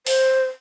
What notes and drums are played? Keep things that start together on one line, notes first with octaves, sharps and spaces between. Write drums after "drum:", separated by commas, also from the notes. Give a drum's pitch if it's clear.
C5, drum: open hi-hat